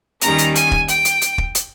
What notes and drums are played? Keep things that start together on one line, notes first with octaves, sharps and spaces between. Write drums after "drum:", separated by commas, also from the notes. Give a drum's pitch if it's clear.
D#2 D#3 G3 C#4 A#5, drum: hi-hat
drum: hi-hat
G#5, drum: hi-hat
drum: kick
G5, drum: hi-hat
drum: hi-hat
drum: hi-hat
drum: kick
drum: hi-hat